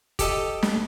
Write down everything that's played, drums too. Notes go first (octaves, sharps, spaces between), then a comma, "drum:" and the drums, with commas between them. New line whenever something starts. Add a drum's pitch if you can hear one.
G4 A4 D#5, drum: kick, hi-hat
drum: snare